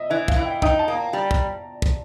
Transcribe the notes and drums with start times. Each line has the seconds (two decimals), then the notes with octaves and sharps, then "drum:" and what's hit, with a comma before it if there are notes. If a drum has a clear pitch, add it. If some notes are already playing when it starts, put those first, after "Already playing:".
Already playing: D#5 E5
0.10 E3 E5
0.28 F5, drum: kick
0.36 E3
0.45 G5
0.62 D#4 G5, drum: kick
0.79 A5
0.88 A#3
0.96 A#5
1.13 G3
1.31 drum: kick
1.82 drum: kick